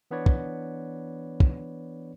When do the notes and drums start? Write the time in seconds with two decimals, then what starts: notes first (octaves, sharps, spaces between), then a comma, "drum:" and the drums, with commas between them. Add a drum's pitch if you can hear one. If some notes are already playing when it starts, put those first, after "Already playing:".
0.11 E3 B3 D4 B4 C#5 D5
0.26 drum: kick
1.40 drum: kick